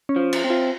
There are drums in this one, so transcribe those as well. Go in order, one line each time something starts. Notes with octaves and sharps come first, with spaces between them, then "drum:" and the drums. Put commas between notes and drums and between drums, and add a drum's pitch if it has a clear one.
C#4
F3
drum: cymbal
C4
F4